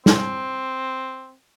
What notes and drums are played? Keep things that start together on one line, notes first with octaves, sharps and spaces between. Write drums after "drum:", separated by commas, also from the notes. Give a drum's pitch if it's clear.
C4, drum: snare